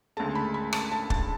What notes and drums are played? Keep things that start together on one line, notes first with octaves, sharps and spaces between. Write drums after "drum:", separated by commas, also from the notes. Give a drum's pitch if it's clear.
D2 C#3 G#3 A5
B5
B5
A5, drum: rim click
A5
A5, drum: kick